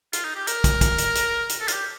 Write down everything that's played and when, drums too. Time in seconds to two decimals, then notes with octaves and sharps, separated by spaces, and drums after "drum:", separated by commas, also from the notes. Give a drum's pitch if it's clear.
0.13 F4, drum: hi-hat
0.24 D#4
0.36 G4
0.47 A#4, drum: hi-hat
0.64 drum: kick, hi-hat
0.81 drum: kick, hi-hat
0.98 drum: hi-hat
1.15 drum: hi-hat
1.49 drum: hi-hat
1.61 A4
1.68 F4, drum: hi-hat
1.72 G4